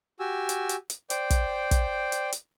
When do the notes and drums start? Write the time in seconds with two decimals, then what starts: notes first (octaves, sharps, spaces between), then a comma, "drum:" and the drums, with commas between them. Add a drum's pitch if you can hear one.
0.20 F#4 G4 G#5 E6
0.49 drum: hi-hat
0.69 drum: hi-hat
0.90 drum: hi-hat
1.10 C5 D5 G5, drum: hi-hat
1.30 drum: kick, hi-hat
1.71 drum: kick, hi-hat
2.12 drum: hi-hat
2.32 drum: hi-hat